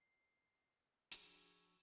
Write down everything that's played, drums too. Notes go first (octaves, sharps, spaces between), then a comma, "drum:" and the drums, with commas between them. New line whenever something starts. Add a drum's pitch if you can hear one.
C7
A2 F3 D4 F#4 G#4 C#6 E6, drum: hi-hat